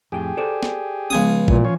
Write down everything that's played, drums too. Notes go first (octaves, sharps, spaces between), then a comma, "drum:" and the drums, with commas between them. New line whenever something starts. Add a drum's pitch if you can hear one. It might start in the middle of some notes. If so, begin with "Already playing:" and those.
F2 A2 G4 G#4 G5
A4 C5 D5
drum: snare
C#2 F3 B3 C#4 G#5 D#6
A#2 E3, drum: kick
E3 F3 C#4 F4 C#5